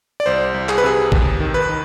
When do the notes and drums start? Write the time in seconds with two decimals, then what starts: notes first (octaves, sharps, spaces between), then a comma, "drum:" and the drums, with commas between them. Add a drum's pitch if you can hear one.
0.20 D5
0.26 C2 C5
0.54 C2
0.69 G#4, drum: clap
0.78 B4
0.84 C3 G#4
1.12 D#2, drum: kick
1.40 D#3
1.54 B4
1.69 D#3